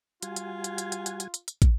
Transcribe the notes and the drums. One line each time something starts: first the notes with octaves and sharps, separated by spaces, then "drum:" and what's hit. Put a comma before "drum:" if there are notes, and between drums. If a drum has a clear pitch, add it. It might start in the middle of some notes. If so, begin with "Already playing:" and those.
G3 F4 F#4 G#5, drum: hi-hat
drum: hi-hat
drum: hi-hat
drum: hi-hat
drum: hi-hat
drum: hi-hat
drum: hi-hat
drum: hi-hat
drum: hi-hat
drum: kick, hi-hat